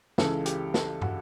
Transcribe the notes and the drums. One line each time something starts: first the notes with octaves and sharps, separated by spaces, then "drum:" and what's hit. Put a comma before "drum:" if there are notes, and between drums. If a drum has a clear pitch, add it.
C#2 C#3 E3 A4, drum: snare
G4, drum: hi-hat
A4, drum: snare
F#4, drum: tom